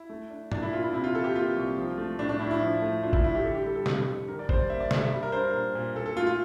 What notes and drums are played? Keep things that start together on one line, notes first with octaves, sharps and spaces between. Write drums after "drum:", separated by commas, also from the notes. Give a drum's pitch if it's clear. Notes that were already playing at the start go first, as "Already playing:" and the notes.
Already playing: E4
A3
D4
A#2 D4, drum: tom G#2
E4
A#2 F4
E4
C3 E4
F4
E3 A4
G4
A#3 F4
C2
F3
A3
A2 D4
D4
A2 E4
E4
F3
A3
D4 F4
E4, drum: kick G1
A2 E4
G4
D3 A4
G4
G3 A4
A4
F2, drum: snare
F2
D3 A#4
D5
G3 C5, drum: kick G1
D5
A#3 E5
D5
G2 E5, drum: snare
E5
G3
A#4
D4 C5
A#4
A#2
A#2
A#2 A4
A4
A3 F4
F4